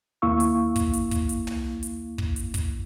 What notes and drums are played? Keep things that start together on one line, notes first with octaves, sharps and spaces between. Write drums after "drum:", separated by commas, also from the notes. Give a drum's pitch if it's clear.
D#2 A#3 E4 F5 C#6 E6
drum: hi-hat
drum: kick, hi-hat
drum: hi-hat
drum: kick, hi-hat
drum: hi-hat
drum: tom
drum: hi-hat
drum: kick
drum: hi-hat
drum: kick, hi-hat